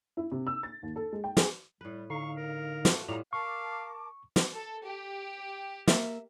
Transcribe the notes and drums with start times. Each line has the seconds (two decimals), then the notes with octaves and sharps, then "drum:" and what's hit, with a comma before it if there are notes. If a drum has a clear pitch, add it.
0.17 E4
0.32 C3
0.47 E6
0.63 A6
0.83 D#2
0.96 A4
1.12 G#3
1.24 G5
1.37 G#4, drum: snare
1.81 A2 G3 B4
2.10 D3 D#4 F5 C#6
2.37 A#4
2.85 A3 F4 F#4, drum: snare
3.08 A2 G3 F4 A#5
3.33 A#4 F5 A5 C#6 D6
4.36 drum: snare
4.52 A4
4.84 G4
5.88 A#3 E5, drum: snare